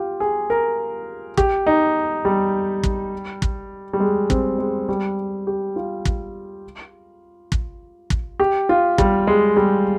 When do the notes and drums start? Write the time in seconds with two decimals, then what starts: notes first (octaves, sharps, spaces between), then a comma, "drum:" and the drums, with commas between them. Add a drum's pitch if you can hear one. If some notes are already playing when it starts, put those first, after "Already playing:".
Already playing: F4 G4
0.20 G#4
0.50 A#4
1.37 G4, drum: kick
1.67 D#4
2.25 G3
2.83 drum: kick
3.42 drum: kick
3.93 G3
4.00 G#3
4.30 C4, drum: kick
4.59 G#3
4.89 G3
5.47 G4
5.76 F4
6.05 drum: kick
7.52 drum: kick
8.10 drum: kick
8.40 G4
8.69 F4
8.98 G3, drum: kick
9.27 G#3
9.57 G3